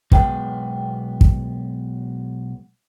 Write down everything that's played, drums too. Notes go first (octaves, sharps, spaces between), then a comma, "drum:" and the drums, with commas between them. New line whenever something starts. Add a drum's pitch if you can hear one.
B1 G#3 B3 B4 G5, drum: kick
drum: kick